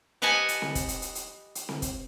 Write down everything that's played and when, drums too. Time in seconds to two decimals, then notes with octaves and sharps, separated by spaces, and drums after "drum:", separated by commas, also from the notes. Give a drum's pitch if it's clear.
0.22 G4 B4 D#5 F#5 G#5 A5
0.48 drum: hi-hat
0.62 drum: snare C4
0.75 drum: kick, hi-hat
0.89 drum: hi-hat
1.02 drum: hi-hat
1.15 drum: hi-hat
1.55 drum: hi-hat
1.69 drum: snare C4
1.82 drum: kick, hi-hat